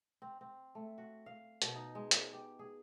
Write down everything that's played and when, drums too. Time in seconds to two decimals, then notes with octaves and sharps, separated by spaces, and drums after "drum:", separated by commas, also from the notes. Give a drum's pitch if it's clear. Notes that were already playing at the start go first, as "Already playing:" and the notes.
0.22 C4
0.41 C4
0.75 A3
0.98 F#4
1.26 F5
1.62 B2, drum: hi-hat
1.75 D#4
1.95 G#3
2.11 G#4, drum: hi-hat
2.33 G4
2.59 G#4